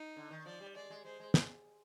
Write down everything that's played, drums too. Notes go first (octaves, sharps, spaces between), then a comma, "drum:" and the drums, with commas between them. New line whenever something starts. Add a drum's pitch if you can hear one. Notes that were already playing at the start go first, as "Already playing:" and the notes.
Already playing: D#4
D3
D#3
F3 D5
G3
G#3 D5
G#3
G#3 C5
G#3
G#3, drum: snare